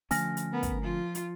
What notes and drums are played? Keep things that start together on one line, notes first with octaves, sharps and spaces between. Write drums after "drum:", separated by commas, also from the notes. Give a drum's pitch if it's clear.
D3 F3 A3 C#4 G#5 F6 A#6, drum: open hi-hat
drum: hi-hat
B3 A#4
drum: kick, hi-hat
F3 F4
drum: hi-hat